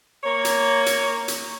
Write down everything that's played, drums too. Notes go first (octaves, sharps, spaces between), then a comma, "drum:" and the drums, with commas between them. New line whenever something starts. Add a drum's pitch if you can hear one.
A#3 C#5
drum: hi-hat
drum: hi-hat
drum: hi-hat